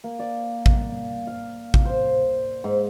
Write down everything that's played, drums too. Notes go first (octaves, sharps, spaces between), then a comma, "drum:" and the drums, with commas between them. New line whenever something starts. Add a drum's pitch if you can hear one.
A#3
D5
drum: kick A1
F5
drum: kick A1
C5
G#2